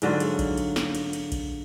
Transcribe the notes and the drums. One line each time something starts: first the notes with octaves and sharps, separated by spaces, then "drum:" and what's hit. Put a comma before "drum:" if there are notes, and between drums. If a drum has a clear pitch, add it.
G#2 D3 F#3 F4, drum: cymbal
drum: cymbal
drum: kick A#1, cymbal
drum: cymbal
drum: snare
drum: cymbal
drum: cymbal
drum: kick A#1, cymbal